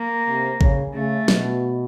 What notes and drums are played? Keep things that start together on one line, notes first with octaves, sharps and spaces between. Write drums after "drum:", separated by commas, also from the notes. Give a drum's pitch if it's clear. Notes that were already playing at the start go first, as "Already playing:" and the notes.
Already playing: A#3
C3
C#3, drum: kick
C#3 A3
B2, drum: snare